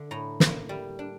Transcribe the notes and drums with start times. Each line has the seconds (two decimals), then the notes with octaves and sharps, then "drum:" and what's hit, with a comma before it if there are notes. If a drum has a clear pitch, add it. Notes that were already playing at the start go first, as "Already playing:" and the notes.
Already playing: D3
0.11 A2 A#5
0.40 A#3, drum: snare
0.69 G3
0.99 D4